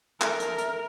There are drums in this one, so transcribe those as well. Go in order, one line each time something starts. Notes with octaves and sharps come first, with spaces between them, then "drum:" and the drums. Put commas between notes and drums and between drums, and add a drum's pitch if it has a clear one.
A4 A#4 E5, drum: clap
drum: hi-hat
drum: hi-hat